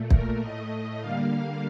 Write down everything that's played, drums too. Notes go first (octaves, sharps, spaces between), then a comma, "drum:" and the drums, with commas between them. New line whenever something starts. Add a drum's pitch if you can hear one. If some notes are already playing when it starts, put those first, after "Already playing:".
Already playing: A#2 A3
A#4, drum: kick
A2 A3 D#5
D3 G3 A#3 F5